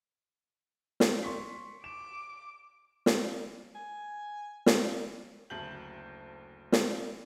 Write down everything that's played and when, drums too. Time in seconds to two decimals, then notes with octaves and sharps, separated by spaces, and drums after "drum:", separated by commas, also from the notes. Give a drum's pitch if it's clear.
1.00 drum: snare
1.23 C6 C#6 B6
1.84 D6 E7
3.06 drum: snare
3.75 G#5
4.66 drum: snare
5.50 F#1 D2 C#3 A5 G6 F#7
6.72 drum: snare